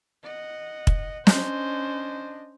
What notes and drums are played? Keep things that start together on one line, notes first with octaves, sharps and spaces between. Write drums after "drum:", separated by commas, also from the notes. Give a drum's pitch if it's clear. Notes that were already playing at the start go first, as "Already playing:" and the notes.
D#5 F#5
drum: kick
C#4 D4 C5 D#5, drum: snare